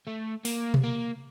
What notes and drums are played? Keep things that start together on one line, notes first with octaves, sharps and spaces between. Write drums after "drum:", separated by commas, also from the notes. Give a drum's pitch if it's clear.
A3
A#3, drum: open hi-hat
drum: tom B2
A#3